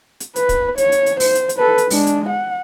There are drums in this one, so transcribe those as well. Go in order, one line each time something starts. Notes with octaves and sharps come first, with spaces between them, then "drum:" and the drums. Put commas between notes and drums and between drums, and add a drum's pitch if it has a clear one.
drum: hi-hat
B4, drum: hi-hat
drum: kick, hi-hat
C#5, drum: hi-hat
drum: hi-hat
drum: hi-hat
C5, drum: open hi-hat
drum: hi-hat
drum: hi-hat
A4 B4
drum: hi-hat
G#3 D4, drum: open hi-hat
drum: hi-hat
F#5